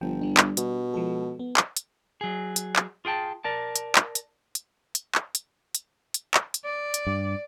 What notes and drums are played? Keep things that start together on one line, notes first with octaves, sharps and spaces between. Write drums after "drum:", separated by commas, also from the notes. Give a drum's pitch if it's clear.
G1 F3 G5
G3 D4
drum: clap
B2, drum: hi-hat
F3 G#3 A4
B3
drum: clap
drum: hi-hat
F#3 G#4
drum: hi-hat
drum: clap
F4 G#4 G5 A5
A#4 D5 A5
drum: hi-hat
drum: clap
drum: hi-hat
drum: hi-hat
drum: hi-hat
drum: clap
drum: hi-hat
drum: hi-hat
drum: hi-hat
drum: clap
drum: hi-hat
D5
drum: hi-hat
G2